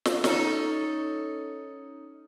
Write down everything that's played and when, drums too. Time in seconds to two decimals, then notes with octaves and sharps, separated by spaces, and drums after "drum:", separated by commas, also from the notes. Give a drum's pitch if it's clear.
0.05 drum: snare
0.24 C#4 D#4 A4, drum: snare